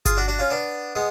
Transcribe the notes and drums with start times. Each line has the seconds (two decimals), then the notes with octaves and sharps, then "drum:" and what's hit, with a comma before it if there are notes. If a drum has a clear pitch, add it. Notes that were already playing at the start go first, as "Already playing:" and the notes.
0.05 F4 G#4, drum: kick G1, hi-hat
0.17 D4 F#4
0.28 D4 F#4
0.39 C#4 F4
0.50 B3 D4
0.95 G#3 B3